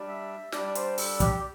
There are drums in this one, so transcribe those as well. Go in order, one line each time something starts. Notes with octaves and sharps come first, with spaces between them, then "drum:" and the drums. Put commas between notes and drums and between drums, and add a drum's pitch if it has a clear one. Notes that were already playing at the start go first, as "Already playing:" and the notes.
Already playing: G3 D4
E5
G3 D4 D5, drum: snare
D5
C5, drum: hi-hat
A4, drum: open hi-hat
G4, drum: kick, hi-hat